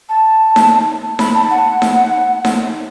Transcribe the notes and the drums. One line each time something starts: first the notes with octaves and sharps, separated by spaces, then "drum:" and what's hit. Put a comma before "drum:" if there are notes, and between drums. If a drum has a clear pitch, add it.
A5
drum: snare D#4
B5, drum: snare D#4
A5
F#5
drum: snare D#4
drum: snare D#4